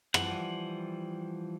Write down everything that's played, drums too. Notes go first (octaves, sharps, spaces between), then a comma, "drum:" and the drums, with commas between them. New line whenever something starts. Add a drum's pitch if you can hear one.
E3 F3 G3 F#5, drum: rim click